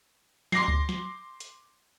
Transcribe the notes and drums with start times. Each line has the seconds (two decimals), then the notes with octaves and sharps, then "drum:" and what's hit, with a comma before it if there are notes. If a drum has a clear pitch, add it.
0.52 C6 D6 A#6 C7, drum: snare
0.68 drum: kick C#2
0.89 drum: snare
1.40 drum: hi-hat